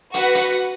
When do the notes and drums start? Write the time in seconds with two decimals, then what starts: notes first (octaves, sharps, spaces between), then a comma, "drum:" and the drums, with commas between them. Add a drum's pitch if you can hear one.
0.14 F#4 B4 F#5, drum: hi-hat
0.35 drum: hi-hat